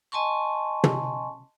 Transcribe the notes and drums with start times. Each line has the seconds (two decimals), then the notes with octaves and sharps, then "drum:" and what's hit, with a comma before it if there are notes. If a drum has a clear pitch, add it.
0.12 D#5 G#5 A5 C6 C#6
0.84 drum: tom